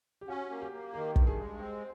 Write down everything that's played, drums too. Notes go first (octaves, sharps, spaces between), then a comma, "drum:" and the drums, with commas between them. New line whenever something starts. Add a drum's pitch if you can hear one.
G4
C#4 F#4
A#3
G4
A#3
D#3 G4
G2, drum: kick
G#4
G#3
C4